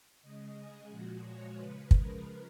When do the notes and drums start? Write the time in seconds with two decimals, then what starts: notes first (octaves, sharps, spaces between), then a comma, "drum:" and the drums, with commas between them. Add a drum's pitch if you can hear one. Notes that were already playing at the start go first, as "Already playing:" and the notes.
0.22 C#3 G#3 D#5
0.55 G#4
0.89 A#2 F3 G#3 F#4
1.23 C#5
1.57 C#3 F3 G#3 B4
1.91 A#4, drum: kick